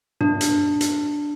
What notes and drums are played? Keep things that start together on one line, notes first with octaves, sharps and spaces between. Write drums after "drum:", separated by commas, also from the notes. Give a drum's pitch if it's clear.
D4, drum: tom G2
drum: hi-hat
drum: hi-hat